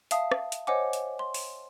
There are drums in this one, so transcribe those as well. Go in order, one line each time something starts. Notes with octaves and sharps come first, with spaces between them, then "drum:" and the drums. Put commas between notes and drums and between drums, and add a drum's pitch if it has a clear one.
E5 F5 A5 D#6, drum: hi-hat
drum: rim click
drum: hi-hat
C5 C#5 D#5 F#5 G#5 D6
drum: hi-hat
C6
drum: open hi-hat